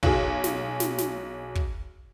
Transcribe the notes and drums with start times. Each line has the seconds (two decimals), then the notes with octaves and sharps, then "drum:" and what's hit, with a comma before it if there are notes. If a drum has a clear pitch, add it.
0.03 B1 F#4 G#4, drum: kick
0.44 drum: snare
0.80 drum: snare
0.99 drum: snare
1.55 drum: kick